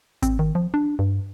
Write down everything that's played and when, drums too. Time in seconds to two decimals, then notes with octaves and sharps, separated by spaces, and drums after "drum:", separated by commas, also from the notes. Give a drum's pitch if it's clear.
0.22 C4, drum: kick G#1, hi-hat
0.39 D#3
0.55 F3
0.74 D4
0.99 G2